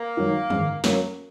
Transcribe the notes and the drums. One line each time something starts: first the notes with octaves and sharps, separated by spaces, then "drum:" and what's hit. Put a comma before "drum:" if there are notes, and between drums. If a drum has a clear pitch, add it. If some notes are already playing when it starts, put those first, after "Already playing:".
Already playing: A#3
D#3 F#3
G#2, drum: tom
F#3 A#3 C#4, drum: snare